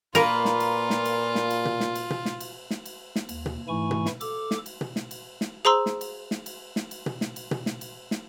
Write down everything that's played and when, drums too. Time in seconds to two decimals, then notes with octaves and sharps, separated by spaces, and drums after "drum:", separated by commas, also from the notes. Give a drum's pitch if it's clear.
0.15 A#2 A#3 F4 A#4 B4 A#5, drum: cymbal
0.45 drum: snare
0.60 drum: cymbal
0.90 drum: snare
1.05 drum: cymbal
1.35 drum: snare
1.50 drum: cymbal
1.65 drum: tom B2
1.80 drum: snare
1.95 drum: cymbal
2.10 drum: tom B2
2.25 drum: snare
2.40 drum: cymbal
2.71 drum: snare
2.86 drum: cymbal
3.16 drum: snare
3.29 D#2, drum: cymbal
3.46 drum: tom B2
3.68 G#2 E3 A3 E4 G#5 C#6
3.91 drum: tom B2
4.06 drum: snare
4.21 A4 D6, drum: cymbal
4.51 drum: snare
4.66 drum: cymbal
4.81 drum: tom B2
4.96 drum: snare
5.11 drum: cymbal
5.41 drum: snare
5.65 G#4 C5 A#5 C6 E6
5.86 drum: snare
6.01 drum: cymbal
6.31 drum: snare
6.46 drum: cymbal
6.76 drum: snare
6.91 drum: cymbal
7.06 drum: tom B2
7.21 drum: snare
7.36 drum: cymbal
7.51 drum: tom B2
7.66 drum: snare
7.81 drum: cymbal
8.11 drum: snare